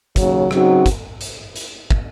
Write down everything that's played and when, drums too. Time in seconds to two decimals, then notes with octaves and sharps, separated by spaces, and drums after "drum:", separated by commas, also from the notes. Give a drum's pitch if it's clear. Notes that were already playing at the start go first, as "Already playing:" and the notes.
0.16 D#2 C#3 F#3, drum: kick, hi-hat
0.51 C#3 F#3 C4 D#4 F#4, drum: rim click
0.86 drum: kick, hi-hat
1.21 drum: hi-hat
1.56 drum: hi-hat
1.91 drum: kick